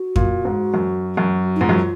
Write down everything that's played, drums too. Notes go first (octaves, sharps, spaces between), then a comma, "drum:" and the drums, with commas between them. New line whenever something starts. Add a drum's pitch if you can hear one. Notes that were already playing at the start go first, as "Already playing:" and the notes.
Already playing: F#4
A#2, drum: kick F2
G#2
F#2
F#2
D#4
G#2 F4
F#2